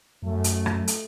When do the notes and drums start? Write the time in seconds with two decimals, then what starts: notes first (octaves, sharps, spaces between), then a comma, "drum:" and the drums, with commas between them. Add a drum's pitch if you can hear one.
0.23 F#2 A3
0.44 drum: hi-hat
0.66 drum: rim click
0.87 drum: hi-hat